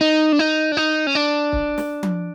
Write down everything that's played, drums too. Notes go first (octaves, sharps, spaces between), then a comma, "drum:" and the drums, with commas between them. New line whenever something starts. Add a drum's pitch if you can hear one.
D#4
D4
D#4
D4
D#4
C#4
D4
drum: kick
drum: snare
drum: tom F3